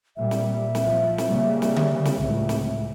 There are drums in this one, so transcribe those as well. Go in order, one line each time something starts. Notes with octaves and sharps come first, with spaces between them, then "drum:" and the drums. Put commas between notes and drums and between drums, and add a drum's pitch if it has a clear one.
A#2 G3 E5
drum: snare
drum: snare
F3
drum: snare
C#3 G3 A#3
drum: snare
drum: tom D3
drum: snare
C#2 A2
drum: snare